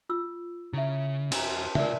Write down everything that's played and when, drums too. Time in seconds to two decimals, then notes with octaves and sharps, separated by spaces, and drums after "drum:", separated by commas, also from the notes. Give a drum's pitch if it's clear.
0.09 F4 E6
0.73 C#3 E4 E5
1.32 C#4 F#4 E5 A#5, drum: cymbal
1.75 C3 F4 A#4 D5 E5, drum: tom